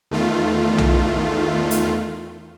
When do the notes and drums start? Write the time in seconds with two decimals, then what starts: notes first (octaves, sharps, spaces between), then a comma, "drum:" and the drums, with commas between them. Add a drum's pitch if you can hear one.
0.11 E2 D#3 A3 F4
0.78 drum: tom B1
1.71 drum: hi-hat